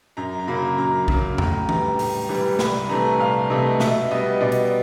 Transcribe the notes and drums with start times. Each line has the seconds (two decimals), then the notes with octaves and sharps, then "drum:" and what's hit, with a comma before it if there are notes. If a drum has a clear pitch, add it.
0.17 F#2 A#5
0.40 A#5
0.47 C#3 F#3 A#3 B5
0.78 F#2 A#5
1.08 C#3 F#3 A#3, drum: kick B1
1.38 A2 A#5, drum: tom E2
1.69 E3 G3 A#5, drum: tom E3
1.99 A2, drum: open hi-hat
2.29 E3 G3
2.59 C2 B5, drum: snare
2.89 C3 E3 A3 A#5
3.19 C2 F5
3.50 C3 E3 A3 D#5
3.80 B2 E5, drum: snare
4.11 G3 B3 D#5
4.41 B2 D5
4.52 drum: hi-hat